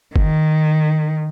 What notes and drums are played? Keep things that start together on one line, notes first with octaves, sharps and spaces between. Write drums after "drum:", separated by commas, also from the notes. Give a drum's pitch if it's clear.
D#3, drum: kick